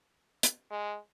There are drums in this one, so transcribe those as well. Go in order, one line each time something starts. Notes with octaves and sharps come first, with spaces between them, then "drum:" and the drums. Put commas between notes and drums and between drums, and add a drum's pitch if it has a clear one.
drum: hi-hat
G#3